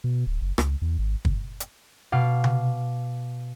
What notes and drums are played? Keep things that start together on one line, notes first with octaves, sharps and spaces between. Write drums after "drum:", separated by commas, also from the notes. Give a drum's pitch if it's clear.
B2
D1
F#1
C#2, drum: rim click
E2
G#1
drum: kick
drum: hi-hat
B2 F5 D6
drum: tom C3